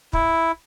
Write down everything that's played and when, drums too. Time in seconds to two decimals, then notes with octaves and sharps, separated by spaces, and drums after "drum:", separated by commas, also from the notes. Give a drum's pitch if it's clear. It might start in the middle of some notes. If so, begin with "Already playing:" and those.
0.13 E4, drum: kick